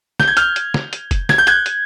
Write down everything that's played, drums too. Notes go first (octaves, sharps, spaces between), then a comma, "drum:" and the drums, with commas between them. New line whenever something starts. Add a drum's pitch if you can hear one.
G6, drum: snare
G#6
F6 G6, drum: hi-hat
drum: hi-hat
drum: snare
drum: hi-hat
drum: kick F1, hi-hat
G#6, drum: snare
G6
F#6 G#6, drum: hi-hat
drum: hi-hat